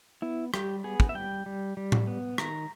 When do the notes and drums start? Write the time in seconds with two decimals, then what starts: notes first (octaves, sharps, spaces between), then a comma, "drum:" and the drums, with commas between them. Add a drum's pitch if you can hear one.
0.22 B3 E4
0.54 G3 G4, drum: rim click
0.84 B3 G#4
1.00 drum: kick
1.09 E5
1.15 G3 G5
1.46 G3
1.77 G3
1.92 drum: tom A2
2.07 B3
2.38 D#3 A#5, drum: rim click